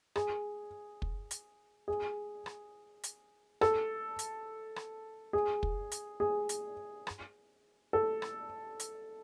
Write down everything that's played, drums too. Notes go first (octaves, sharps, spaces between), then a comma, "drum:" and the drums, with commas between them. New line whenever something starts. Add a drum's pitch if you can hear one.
G#4, drum: rim click
drum: kick
drum: hi-hat
G#4
drum: rim click
drum: hi-hat
A4, drum: rim click
drum: hi-hat
drum: rim click
G#4
drum: kick
drum: hi-hat
G#4
drum: hi-hat
drum: rim click
A4
drum: rim click
drum: hi-hat